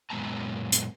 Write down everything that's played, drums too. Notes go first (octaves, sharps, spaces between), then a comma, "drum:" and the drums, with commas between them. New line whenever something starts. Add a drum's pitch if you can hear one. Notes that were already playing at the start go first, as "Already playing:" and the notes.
F#2 A#2 G#3 B3 A5 A#5
drum: hi-hat